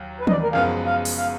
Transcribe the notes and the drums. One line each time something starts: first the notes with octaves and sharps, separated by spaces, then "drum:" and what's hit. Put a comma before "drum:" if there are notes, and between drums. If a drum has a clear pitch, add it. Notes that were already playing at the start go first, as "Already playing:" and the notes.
Already playing: D#2 F#3
B4
D#5, drum: tom D#3
D5
A#4
F#1 F#2 F3 G#3 B3 F5
F5
drum: open hi-hat
F5